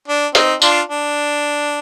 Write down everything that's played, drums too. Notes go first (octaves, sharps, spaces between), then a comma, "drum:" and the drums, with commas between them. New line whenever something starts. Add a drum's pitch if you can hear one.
D4
C4 D#4, drum: hi-hat
D4 F4, drum: tambourine
D4